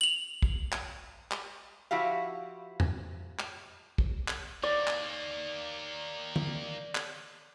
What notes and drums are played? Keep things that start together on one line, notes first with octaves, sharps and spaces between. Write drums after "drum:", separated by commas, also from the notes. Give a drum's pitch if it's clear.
F7 F#7
drum: kick
drum: clap
drum: clap
F3 E4 F#4 G4 F5
drum: tom E2
drum: clap
drum: kick
drum: clap
D#3 A#3 D5
drum: clap
drum: tom D3
drum: clap